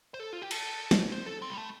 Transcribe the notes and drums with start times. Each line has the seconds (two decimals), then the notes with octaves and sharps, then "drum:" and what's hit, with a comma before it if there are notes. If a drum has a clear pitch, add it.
0.14 C5
0.20 A4
0.33 F4
0.42 G4
0.51 A4, drum: cymbal
0.91 drum: snare
1.12 C5
1.26 A4
1.42 C4
1.50 G3
1.57 A3